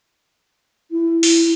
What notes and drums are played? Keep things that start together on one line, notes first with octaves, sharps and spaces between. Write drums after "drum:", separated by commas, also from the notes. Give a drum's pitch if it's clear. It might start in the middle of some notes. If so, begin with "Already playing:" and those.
E4
drum: open hi-hat